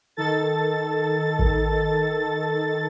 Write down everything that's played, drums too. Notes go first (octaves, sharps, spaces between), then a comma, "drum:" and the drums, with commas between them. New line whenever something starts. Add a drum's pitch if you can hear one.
D#3 A4 A6
drum: kick A1